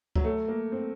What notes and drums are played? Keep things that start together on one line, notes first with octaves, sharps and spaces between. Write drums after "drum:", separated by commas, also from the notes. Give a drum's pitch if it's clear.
F#3, drum: kick C#2
A3
A#3
C4